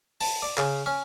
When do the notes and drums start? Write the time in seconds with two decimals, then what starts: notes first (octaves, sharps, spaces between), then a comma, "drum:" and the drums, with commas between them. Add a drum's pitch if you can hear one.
0.21 A5, drum: open hi-hat
0.42 D5
0.58 C#3, drum: clap
0.86 C#4